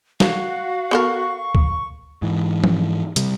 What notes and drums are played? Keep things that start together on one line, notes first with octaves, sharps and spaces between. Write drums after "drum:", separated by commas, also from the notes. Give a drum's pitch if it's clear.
F#4 F5, drum: snare
B3 A4 A#4 C#6
drum: kick C#2
G#2 E3
drum: tom F3
C3 G3, drum: hi-hat